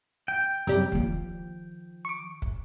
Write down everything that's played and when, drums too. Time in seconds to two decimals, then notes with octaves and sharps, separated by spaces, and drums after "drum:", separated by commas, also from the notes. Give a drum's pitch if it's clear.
0.28 G5
0.67 F#2 C3 G3, drum: hi-hat
0.92 D#3 F3, drum: kick
2.05 C#6 D6
2.42 drum: kick